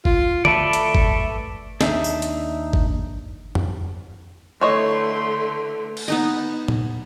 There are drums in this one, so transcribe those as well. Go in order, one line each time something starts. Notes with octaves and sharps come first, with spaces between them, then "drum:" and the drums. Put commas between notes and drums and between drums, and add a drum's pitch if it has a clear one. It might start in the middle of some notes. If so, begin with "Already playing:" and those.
F4, drum: kick G1
A3 A4 B4 D5, drum: tom D3
drum: hi-hat
drum: kick G1
D#2 D4 D#4 E5, drum: snare
drum: tambourine
drum: hi-hat
drum: kick G1
drum: tom F2
D3 E3 A3 C#5 D#5 C6
drum: cymbal
B3 D#4 D#5
drum: tom A#2